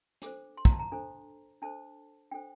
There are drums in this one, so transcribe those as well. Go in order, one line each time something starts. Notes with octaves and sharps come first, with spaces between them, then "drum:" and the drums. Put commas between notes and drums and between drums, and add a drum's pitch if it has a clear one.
D4 A4 C5 D6, drum: hi-hat
C6
A#5, drum: kick
A5
A#5
D4 A4 C5
D4 A4 C5 A5
D4 A4 C5 G5